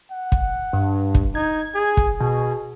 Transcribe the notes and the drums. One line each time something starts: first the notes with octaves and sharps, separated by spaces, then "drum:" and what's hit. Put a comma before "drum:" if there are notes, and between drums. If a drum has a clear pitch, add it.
F#5
drum: kick
G2
drum: kick
D#4 G#6
G#4
drum: kick
B2 G#4